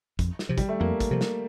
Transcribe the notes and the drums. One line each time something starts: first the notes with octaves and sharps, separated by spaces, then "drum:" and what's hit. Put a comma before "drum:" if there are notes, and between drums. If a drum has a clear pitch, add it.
F2, drum: kick, hi-hat
drum: snare
C3 F3
G3, drum: kick, hi-hat
A3
F2 A#3
drum: kick, hi-hat
C3 F3
drum: snare